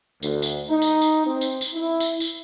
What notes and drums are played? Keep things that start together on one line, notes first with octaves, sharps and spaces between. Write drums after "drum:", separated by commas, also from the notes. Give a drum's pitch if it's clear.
D2, drum: tambourine
drum: tambourine
D#4
drum: tambourine
drum: tambourine
C4
drum: tambourine
drum: tambourine
E4
drum: tambourine
drum: tambourine